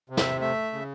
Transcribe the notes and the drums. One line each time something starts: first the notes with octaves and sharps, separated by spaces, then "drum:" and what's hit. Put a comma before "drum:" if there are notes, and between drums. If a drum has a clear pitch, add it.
C3
E5, drum: snare
A3 E5
C#3